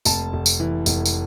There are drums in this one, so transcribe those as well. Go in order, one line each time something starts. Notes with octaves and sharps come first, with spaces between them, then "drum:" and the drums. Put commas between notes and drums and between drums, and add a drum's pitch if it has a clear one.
F1 A5, drum: tambourine
F1
drum: tambourine
E3
F1, drum: tambourine
drum: tambourine